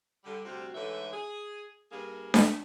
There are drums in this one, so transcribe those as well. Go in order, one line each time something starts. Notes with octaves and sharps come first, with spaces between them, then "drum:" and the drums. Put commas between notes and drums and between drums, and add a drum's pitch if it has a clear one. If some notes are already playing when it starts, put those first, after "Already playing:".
D3 G3
D2 C3 G3 C4 F#4
G#2 D3 E3 A3 C#5 E5
G#4
G2 A#3 G#4
A3, drum: snare D4